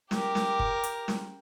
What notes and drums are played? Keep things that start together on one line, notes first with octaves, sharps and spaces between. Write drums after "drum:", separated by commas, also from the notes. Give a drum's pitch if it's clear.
G4 A#4, drum: snare
drum: snare
drum: kick
drum: hi-hat
drum: snare